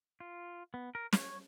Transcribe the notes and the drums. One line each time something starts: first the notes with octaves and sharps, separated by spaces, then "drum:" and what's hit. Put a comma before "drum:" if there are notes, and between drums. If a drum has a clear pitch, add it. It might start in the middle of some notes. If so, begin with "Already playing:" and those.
F4
B3
A#4
C#5, drum: snare